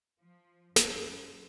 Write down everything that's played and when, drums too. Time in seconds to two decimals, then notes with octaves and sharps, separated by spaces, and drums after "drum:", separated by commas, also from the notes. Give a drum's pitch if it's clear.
0.22 F3
0.76 F#2, drum: snare